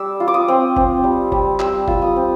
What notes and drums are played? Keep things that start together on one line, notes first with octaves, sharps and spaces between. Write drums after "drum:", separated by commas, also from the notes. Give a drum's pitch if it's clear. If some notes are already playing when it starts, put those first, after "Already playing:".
Already playing: G3 D6 E6
F4
D6
D#6
C4
C4, drum: kick G1
G3
G3, drum: kick G1
G3 E6, drum: clap
F4 E6, drum: kick G1
D#6
C4